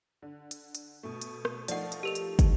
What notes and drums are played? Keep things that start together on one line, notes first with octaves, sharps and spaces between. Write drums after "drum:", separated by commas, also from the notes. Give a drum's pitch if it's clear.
D3
drum: hi-hat
drum: hi-hat
B2 A3
drum: hi-hat
drum: rim click
F3 A3 D#4 D5 F#5, drum: hi-hat
drum: hi-hat
G4 A#4 F7
drum: hi-hat
drum: kick, hi-hat